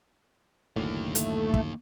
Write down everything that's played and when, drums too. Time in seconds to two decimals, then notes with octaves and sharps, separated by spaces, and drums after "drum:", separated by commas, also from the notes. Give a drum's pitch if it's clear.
0.76 F#1 D2 A2 D#3 A#3
1.15 A3, drum: hi-hat
1.54 drum: kick